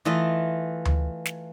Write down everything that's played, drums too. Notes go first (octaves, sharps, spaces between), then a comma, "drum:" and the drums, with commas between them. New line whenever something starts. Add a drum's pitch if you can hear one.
E3 A3 F4 D#5 E5
drum: tom D2
drum: snare